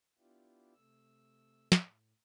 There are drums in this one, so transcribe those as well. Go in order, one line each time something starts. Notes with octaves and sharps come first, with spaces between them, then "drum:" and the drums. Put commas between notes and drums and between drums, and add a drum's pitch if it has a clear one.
B3 D4 E4 F4 G4
C3 A3 E6
A2, drum: snare